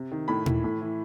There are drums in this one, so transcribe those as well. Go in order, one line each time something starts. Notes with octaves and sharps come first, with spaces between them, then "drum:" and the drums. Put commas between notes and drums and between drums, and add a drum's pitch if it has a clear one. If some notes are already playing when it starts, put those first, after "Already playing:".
Already playing: C3
D#3
A2 B5
E3, drum: tom A#2
A2
E3